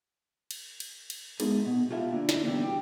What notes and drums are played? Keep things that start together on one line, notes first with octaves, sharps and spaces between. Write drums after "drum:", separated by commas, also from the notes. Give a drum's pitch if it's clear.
drum: cymbal
drum: cymbal
drum: cymbal
G#3 A3 B3 D#4 G#4 A4, drum: cymbal
B2
F4 G4 A4 E5 F5
D3 A#3
drum: snare
E2 B2 D3 E3 G3
G4